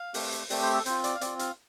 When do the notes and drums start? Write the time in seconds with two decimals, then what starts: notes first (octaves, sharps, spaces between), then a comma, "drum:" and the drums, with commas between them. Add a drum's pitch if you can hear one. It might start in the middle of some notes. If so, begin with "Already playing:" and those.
Already playing: F5
0.14 A3 C4 G4, drum: open hi-hat
0.32 drum: hi-hat
0.50 A3 C4 G4 D5, drum: open hi-hat
0.62 C5
0.74 A4
0.86 C4 F4 C5, drum: hi-hat
1.04 D5, drum: hi-hat
1.15 F5
1.21 C4 F4 D5, drum: hi-hat
1.39 F5, drum: hi-hat